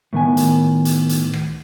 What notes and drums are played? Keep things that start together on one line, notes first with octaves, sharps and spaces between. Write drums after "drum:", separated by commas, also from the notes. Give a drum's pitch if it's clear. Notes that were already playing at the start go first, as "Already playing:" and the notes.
A2 D#3 B3 G#5
drum: hi-hat
drum: hi-hat
drum: hi-hat
drum: rim click